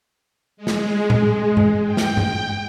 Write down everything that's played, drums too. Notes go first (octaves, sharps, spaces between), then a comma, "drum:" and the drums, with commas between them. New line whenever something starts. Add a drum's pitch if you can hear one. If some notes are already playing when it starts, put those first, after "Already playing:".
G#3
drum: snare
drum: tom A2
drum: tom G2
G5
drum: snare
drum: tom G2